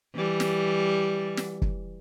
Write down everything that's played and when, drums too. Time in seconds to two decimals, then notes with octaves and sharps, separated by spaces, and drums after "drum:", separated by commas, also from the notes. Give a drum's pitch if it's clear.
0.15 E3 G3
0.40 drum: snare
1.37 drum: snare
1.62 drum: kick